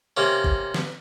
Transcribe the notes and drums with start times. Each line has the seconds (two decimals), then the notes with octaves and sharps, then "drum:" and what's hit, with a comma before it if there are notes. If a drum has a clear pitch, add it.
0.17 C3 A#3 C#4
0.44 drum: kick G1
0.74 drum: snare